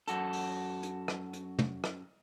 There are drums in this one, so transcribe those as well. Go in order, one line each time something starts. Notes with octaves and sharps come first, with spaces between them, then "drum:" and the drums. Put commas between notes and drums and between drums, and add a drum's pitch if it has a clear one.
F#2 F#4 A4, drum: hi-hat
drum: open hi-hat
drum: hi-hat
drum: rim click
drum: hi-hat
drum: tom
drum: rim click